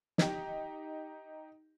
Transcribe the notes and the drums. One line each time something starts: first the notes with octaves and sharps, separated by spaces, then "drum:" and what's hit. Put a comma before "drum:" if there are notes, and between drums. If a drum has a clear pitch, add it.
D#4 G4, drum: snare